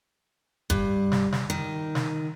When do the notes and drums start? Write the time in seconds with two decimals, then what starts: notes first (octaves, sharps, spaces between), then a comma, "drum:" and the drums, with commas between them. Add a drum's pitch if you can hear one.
0.70 G2, drum: kick F1
1.12 drum: snare
1.32 drum: snare
1.50 D#3
1.95 drum: snare